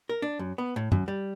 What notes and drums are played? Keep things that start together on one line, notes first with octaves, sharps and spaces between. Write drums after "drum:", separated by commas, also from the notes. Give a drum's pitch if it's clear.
A#4
D4
F#2
B3
A2
F#2, drum: tom
G3